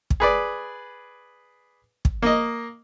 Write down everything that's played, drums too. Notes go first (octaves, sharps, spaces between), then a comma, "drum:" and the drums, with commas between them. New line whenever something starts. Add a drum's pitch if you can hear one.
drum: kick
G#4 B4 D5
drum: kick
A#3 D#5